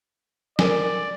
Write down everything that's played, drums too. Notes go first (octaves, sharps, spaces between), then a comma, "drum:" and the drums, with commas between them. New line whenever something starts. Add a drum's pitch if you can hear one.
A4 A#4 D5 G#5, drum: snare